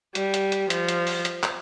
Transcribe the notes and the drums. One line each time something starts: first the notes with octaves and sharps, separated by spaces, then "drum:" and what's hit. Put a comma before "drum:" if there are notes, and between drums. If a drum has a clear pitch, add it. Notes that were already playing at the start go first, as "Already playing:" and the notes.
G3, drum: hi-hat
drum: hi-hat
drum: hi-hat
F3, drum: hi-hat
drum: hi-hat
drum: open hi-hat
drum: hi-hat
drum: clap